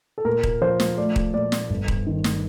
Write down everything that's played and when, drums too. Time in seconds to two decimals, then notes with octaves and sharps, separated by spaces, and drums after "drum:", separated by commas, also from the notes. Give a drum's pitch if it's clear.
0.18 A4
0.25 A#2 A#4
0.43 drum: kick D#1
0.61 F3 C5
0.80 drum: snare
0.98 A3 D5
1.16 drum: kick D#1
1.34 A#2 D5
1.52 drum: snare
1.70 G1
1.88 drum: kick D#1
2.07 D#3
2.24 drum: snare